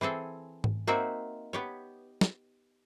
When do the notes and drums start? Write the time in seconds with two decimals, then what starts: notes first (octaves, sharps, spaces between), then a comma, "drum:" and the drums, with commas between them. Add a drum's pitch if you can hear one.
0.01 E3 C4 G#4 A4
0.64 drum: tom G#2
0.87 A#3 C4 D#4 F#4 E5
1.53 B3 G4 C#5
2.21 drum: snare